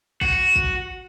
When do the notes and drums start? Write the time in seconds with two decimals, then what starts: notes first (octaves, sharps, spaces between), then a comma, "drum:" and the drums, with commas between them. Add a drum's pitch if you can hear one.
0.21 F#4, drum: kick
0.56 drum: kick